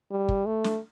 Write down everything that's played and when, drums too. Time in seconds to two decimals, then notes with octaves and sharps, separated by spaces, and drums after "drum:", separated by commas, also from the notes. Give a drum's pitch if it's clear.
0.11 G3
0.29 drum: kick
0.46 A3
0.64 drum: snare